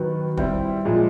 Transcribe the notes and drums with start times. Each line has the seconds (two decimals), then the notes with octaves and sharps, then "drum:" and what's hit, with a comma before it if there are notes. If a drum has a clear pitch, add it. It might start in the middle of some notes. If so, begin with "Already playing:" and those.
Already playing: D#3 F#3 B3
0.37 G3 C4 E4, drum: kick
0.85 A#2 F3 G#3